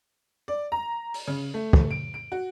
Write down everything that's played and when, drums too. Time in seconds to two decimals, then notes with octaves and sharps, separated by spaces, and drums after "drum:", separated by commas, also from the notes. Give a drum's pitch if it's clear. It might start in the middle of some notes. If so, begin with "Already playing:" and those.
0.48 D5
0.72 A#5
1.14 drum: open hi-hat
1.28 C#3
1.54 A3
1.73 drum: kick
1.91 D7
2.14 D7
2.32 F#4